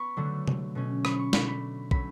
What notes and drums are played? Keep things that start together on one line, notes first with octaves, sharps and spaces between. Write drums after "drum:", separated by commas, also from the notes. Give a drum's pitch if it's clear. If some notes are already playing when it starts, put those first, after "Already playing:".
Already playing: B3 B5 C#6
D3 F#3 A3 D4
drum: tom C3
B2 A3 C#4
B5, drum: rim click
C#6
B2 A3 D4 B5, drum: snare
B5
F#3 A3 C#4 B5, drum: kick